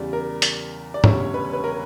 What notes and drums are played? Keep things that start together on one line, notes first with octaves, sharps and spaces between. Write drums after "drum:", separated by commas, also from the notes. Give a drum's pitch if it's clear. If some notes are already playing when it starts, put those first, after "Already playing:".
Already playing: E2 C#3 G3 D5
A#4
drum: hi-hat
D5
E1 D2 C#3 G3 C#5, drum: tom G#2
B4
B4
A#4